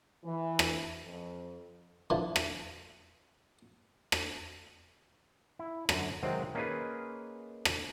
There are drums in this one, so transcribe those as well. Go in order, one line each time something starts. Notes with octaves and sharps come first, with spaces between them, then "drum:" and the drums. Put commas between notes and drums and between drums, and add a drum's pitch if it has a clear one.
E3
drum: rim click
F2
D3 E3 F3
drum: rim click
drum: rim click
E4
F#2 D3 A#5, drum: rim click
C3 D#3 F#3 G#3 C4
A#3 C#4 D#4 F4 G#4 B4
drum: rim click